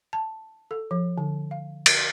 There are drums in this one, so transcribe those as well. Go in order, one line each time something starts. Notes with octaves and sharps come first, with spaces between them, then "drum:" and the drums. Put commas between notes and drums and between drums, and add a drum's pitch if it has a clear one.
A5
A4
F3
D3
F5
drum: cymbal